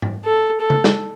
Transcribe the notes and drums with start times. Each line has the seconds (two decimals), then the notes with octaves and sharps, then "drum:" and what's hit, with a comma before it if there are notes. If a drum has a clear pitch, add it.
0.02 drum: tom G#2
0.24 A4
0.60 A4
0.70 drum: tom C#3
0.84 drum: snare